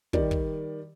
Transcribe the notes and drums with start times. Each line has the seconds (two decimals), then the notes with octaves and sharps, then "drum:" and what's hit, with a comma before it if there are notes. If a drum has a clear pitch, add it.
0.13 D#3 G3 D5, drum: kick
0.31 drum: kick